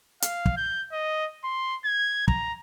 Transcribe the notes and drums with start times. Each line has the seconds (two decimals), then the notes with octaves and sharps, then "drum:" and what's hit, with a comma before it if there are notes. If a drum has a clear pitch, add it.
0.22 F5, drum: hi-hat
0.46 drum: kick
0.57 G6
0.92 D#5
1.44 C6
1.85 G#6
2.28 A#5, drum: kick